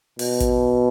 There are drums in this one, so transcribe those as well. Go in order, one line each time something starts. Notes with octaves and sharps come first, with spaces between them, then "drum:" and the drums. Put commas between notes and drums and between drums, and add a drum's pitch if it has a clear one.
B2, drum: open hi-hat
drum: kick, hi-hat